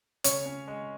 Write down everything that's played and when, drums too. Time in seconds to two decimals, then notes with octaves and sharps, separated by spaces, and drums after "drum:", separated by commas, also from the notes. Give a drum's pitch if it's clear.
0.24 C#3 C#5, drum: hi-hat
0.46 C#4
0.67 G#3